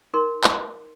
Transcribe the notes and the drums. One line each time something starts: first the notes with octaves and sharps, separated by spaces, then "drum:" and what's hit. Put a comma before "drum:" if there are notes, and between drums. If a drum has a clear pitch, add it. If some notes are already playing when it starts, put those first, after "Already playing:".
D#4 A#4 C6
drum: clap